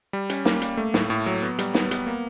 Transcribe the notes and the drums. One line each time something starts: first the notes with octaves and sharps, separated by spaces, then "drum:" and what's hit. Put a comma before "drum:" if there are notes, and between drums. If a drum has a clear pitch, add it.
G3
C#4, drum: hi-hat
A#3, drum: snare
A#3, drum: hi-hat
A3
A2, drum: snare
A2
F#3
B3
G3, drum: hi-hat
B3, drum: snare
B3, drum: hi-hat
A#3